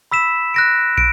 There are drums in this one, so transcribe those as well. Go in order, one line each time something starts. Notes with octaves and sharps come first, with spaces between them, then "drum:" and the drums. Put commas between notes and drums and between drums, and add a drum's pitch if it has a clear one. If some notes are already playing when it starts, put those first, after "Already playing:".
B5 E6 B6 E7
F#6 A#6 D7
D7, drum: kick